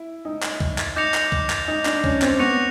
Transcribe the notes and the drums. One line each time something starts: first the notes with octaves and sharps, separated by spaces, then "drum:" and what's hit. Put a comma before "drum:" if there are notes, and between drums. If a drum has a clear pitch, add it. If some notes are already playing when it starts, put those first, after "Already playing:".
Already playing: E4
D#4
drum: clap
drum: kick
drum: clap
D#4 D6 G6 A#6 C#7 F7
drum: clap
drum: kick
drum: clap
D#4
D4, drum: clap
C#4, drum: kick
C4, drum: clap
B3 C#6 F#6 A#6 C#7 F7